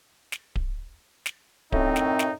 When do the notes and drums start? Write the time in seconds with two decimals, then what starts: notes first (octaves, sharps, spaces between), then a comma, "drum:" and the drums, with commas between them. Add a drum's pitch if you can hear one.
0.32 drum: snare
0.56 drum: kick D1
1.26 drum: snare
1.72 F#2 A2 C4 D#4, drum: kick D1
1.96 drum: snare
2.19 drum: snare